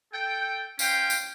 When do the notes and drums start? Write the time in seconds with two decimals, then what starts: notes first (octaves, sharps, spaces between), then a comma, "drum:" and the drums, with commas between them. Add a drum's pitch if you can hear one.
0.13 A4 G5
0.79 C#4 C5 F5 G5, drum: tambourine
1.10 drum: tambourine